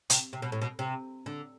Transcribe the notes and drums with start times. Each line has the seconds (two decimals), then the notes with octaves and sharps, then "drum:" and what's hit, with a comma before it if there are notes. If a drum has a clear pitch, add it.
0.10 C3, drum: hi-hat
0.33 C3
0.42 B2
0.52 A2
0.62 B2
0.79 C3
1.26 D3